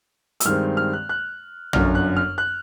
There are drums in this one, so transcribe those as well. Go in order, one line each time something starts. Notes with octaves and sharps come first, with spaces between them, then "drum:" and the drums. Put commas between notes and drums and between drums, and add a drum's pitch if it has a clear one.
E6, drum: hi-hat
G2 D#3 G#3 C4 F6
F6
F#6
F#6
G1 F#2 D3 F6, drum: tom A#1
F#6
F6
F#6